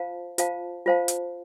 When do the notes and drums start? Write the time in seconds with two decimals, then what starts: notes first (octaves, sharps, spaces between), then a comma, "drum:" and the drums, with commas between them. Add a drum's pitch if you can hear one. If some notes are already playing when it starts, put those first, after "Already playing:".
Already playing: F4 C5 F5 A5
0.38 F4 C5 F5 A5, drum: hi-hat
0.86 F4 C5 F5 A5
1.08 drum: hi-hat